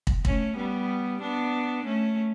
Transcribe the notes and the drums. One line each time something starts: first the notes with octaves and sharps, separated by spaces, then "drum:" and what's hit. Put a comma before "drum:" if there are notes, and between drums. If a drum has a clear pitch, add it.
drum: kick
A3 C#4, drum: kick
G3 B3
B3 D4
A3 C#4